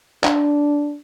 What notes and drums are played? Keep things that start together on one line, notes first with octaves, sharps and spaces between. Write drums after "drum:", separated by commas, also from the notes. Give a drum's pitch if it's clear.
D4, drum: clap